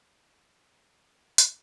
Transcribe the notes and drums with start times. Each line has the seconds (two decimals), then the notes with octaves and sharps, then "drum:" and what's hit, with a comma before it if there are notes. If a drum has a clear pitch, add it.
0.10 B2 C6
0.42 B3 D4
0.74 B2
1.06 B3 D4
1.38 B2 C6, drum: hi-hat